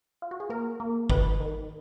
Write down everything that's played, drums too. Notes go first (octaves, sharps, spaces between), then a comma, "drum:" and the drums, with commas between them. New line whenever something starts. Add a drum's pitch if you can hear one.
F4
F#4
G#4
A#3 A#4
A#3
D#3 B4, drum: kick G1
D#3